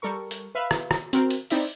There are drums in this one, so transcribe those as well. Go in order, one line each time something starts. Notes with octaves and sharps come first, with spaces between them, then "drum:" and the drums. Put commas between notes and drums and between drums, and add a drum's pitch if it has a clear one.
G3 A4 A#4 C#6
drum: hi-hat
B4 E5 F5 B5
drum: rim click
drum: rim click
C4 F#4 A#4, drum: hi-hat
drum: hi-hat
C4 D#4 E4 D5 E5, drum: open hi-hat